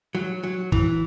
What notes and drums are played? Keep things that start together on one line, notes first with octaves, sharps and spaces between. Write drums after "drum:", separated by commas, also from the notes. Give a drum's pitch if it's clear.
F#3
F#3
E3, drum: kick